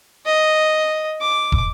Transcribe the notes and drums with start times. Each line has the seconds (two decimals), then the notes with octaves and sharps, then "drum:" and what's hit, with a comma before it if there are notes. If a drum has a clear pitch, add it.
0.26 D#5
1.21 D6
1.52 drum: kick